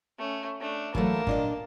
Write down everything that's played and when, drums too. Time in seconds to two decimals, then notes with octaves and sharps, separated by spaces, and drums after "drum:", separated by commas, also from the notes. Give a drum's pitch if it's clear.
0.19 A3 C#4
0.60 A3 D4
0.95 E3 F#3 A3 A#3 A5, drum: kick G1
1.27 A#2 D4 D#5, drum: kick G1